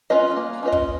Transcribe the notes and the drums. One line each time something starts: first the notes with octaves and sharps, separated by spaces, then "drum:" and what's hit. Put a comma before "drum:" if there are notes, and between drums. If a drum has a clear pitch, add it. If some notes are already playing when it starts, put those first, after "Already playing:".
C#4 F4 B4 D#5
A#3
C#4 F4 B4 D#5
drum: kick